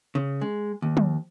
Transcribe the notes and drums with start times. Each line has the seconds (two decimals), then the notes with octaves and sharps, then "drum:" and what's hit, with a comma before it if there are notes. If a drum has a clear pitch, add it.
0.15 C#3
0.41 G#3
0.82 D#2
0.97 drum: tom